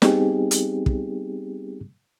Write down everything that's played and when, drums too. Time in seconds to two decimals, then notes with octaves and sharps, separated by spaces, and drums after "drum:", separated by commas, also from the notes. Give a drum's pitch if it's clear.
0.02 G3 B3 C4 D#4 G4 G#4, drum: snare
0.51 drum: hi-hat
0.86 drum: kick